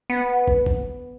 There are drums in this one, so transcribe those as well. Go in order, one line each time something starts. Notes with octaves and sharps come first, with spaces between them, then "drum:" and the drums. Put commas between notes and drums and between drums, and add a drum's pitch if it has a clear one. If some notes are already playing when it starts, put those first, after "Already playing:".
B3
drum: kick
drum: kick